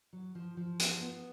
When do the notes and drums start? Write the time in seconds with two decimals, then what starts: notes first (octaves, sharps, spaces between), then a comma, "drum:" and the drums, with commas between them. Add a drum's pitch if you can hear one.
0.13 F#3
0.35 F3
0.57 F3
0.79 B3, drum: hi-hat
1.01 B3